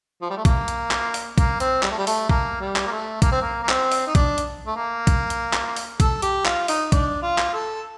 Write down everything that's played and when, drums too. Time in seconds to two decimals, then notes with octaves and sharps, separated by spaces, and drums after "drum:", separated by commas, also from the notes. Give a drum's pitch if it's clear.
0.22 F3
0.30 G3
0.37 A3
0.45 A#3, drum: kick A#1, hi-hat
0.68 drum: hi-hat
0.91 drum: clap
1.14 drum: open hi-hat
1.38 A#3, drum: kick A#1, hi-hat
1.60 C4, drum: hi-hat
1.83 G3, drum: clap
1.91 A3
1.98 G3
2.07 A3, drum: open hi-hat
2.29 A#3, drum: kick A#1
2.61 G3
2.76 drum: clap
2.87 A#3
2.91 A3
3.22 A#3, drum: kick A#1, hi-hat
3.32 C4
3.42 A#3
3.63 A#3
3.69 C4, drum: clap
3.92 drum: open hi-hat
4.07 D#4
4.15 D4, drum: kick A#1, hi-hat
4.38 drum: hi-hat
4.67 A3
4.76 A#3
5.07 drum: kick A#1, hi-hat
5.30 drum: hi-hat
5.53 drum: clap
5.76 drum: open hi-hat
6.00 A4, drum: kick A#1, hi-hat
6.22 G4, drum: hi-hat
6.46 F4, drum: clap
6.68 D#4, drum: open hi-hat
6.92 D4, drum: kick A#1, hi-hat
7.22 F4
7.38 drum: clap
7.54 A4